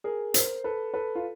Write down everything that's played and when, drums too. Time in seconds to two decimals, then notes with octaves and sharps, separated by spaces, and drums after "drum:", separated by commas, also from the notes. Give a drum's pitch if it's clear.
0.04 G#4 A#4
0.34 A#4 C5, drum: hi-hat
0.64 A4 B4
0.94 A4 B4
1.15 F4